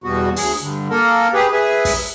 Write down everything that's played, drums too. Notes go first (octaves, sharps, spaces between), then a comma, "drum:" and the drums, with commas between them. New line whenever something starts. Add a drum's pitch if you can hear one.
E2 B2 G3 B3 F#4
D2 G#4, drum: open hi-hat
G2 D3
A#3 A4 A#4
G4 G#4 B4
G#4 B4 E5 G#5
drum: kick, open hi-hat